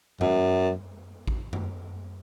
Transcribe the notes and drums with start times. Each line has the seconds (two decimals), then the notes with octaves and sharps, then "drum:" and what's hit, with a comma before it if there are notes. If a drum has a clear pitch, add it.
0.21 F#2, drum: tom F#2
1.28 drum: kick A1
1.53 drum: tom F#2